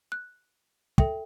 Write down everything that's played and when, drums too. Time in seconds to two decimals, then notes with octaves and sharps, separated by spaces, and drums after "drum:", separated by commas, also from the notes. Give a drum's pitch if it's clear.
0.12 F#6
0.98 A4 E5 G5, drum: kick